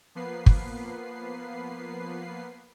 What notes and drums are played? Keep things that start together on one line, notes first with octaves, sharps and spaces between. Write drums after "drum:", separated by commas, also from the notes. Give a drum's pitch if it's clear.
F3 A#3 B3 B4 C7
drum: kick